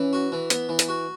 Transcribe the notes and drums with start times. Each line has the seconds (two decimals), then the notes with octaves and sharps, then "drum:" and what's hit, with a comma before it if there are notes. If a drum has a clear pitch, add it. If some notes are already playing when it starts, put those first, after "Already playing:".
Already playing: E3 C#4
0.13 F#4
0.32 E3
0.50 B3, drum: hi-hat
0.69 E3
0.79 drum: hi-hat
0.88 F#4